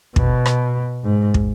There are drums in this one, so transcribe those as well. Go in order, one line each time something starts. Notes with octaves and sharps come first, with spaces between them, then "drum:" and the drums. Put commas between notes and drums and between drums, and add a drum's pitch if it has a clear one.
B2, drum: kick
drum: rim click
G#2
drum: kick